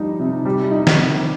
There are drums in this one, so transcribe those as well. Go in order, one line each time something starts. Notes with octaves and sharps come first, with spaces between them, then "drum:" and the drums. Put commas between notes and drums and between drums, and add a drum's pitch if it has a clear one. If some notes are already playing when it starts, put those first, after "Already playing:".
Already playing: F3 G3 D#4
C3
G3
D#4
drum: snare
C3